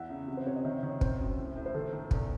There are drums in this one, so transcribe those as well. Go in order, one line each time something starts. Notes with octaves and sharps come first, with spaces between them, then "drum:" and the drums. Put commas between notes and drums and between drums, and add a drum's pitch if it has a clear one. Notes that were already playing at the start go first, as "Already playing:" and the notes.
Already playing: E2 E4 E5 F#5
C#3
C3
C5
C3 C#5
D#5
D#3 E5
D#5
D#3
C#5
C4 C5, drum: kick
F#2
A2
A2
C5
D#3 A4
D#3
E2, drum: kick